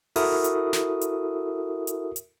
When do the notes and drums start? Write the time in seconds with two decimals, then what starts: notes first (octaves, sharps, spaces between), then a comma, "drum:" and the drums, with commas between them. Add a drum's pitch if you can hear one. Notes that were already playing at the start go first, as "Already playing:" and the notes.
0.16 E4 F#4 A4 A#4 E5 D#6, drum: open hi-hat
0.44 drum: hi-hat
0.73 drum: snare
1.01 drum: hi-hat
1.87 drum: hi-hat
2.16 drum: hi-hat